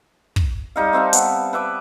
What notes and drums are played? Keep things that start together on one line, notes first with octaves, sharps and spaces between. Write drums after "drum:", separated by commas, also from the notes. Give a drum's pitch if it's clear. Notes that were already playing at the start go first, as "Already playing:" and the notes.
drum: kick
G3 D#4 F5
C4 E5 F5 A5
B3, drum: hi-hat
B4 E5 D6